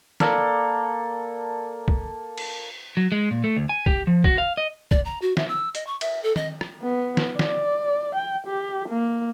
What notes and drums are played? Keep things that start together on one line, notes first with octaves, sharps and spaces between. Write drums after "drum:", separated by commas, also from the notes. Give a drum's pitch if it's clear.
A#3 A4 D5, drum: snare
drum: kick B1
drum: cymbal
F#3
G#3
A#2
A3
D2
G#5
G4, drum: kick B1
F3
F#4, drum: kick B1
F5
D#5
D5, drum: kick B1
A#5
F#4
E5, drum: snare
E6
D#5, drum: hi-hat
C#6
E5, drum: cymbal
A4
D#5, drum: tom D#3
drum: rim click
B3
drum: snare
D5, drum: snare
G5
G4
A#3